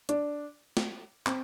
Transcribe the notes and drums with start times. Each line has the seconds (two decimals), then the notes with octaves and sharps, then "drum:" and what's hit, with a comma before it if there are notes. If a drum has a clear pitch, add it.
0.09 D4, drum: hi-hat
0.77 drum: snare
1.26 C4, drum: clap